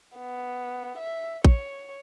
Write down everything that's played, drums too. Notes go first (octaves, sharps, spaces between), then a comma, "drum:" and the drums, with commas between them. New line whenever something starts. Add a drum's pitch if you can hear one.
B3
E5
C#5, drum: kick